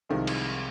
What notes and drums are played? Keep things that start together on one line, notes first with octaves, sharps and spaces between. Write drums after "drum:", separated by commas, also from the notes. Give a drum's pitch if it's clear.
C2 C3 D#3 F3 G#3
drum: cymbal